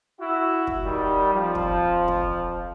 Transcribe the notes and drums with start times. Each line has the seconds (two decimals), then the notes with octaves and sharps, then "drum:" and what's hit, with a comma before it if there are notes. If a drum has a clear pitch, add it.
0.19 E4 F#4
0.67 drum: kick
0.85 D#3 G3
1.32 F2 F3
1.55 drum: kick
2.08 drum: kick